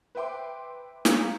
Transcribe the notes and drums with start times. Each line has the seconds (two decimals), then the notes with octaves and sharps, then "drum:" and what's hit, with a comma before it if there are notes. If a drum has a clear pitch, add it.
0.15 B4 C5 E5 G5 C6 D6
1.05 F5 A#5 B6 C#7, drum: snare